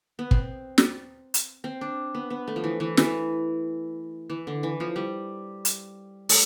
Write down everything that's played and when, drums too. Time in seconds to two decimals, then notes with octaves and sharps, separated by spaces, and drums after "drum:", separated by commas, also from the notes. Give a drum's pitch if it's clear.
0.19 B3
0.31 C4, drum: kick
0.78 drum: snare
1.34 drum: hi-hat
1.64 C4
1.81 D4
2.15 B3
2.30 B3
2.48 A3
2.56 F3
2.64 E3
2.80 E3
2.97 E3, drum: snare
4.30 E3
4.47 D3
4.63 E3
4.80 F3
4.96 G3
5.65 drum: hi-hat
6.29 A3, drum: open hi-hat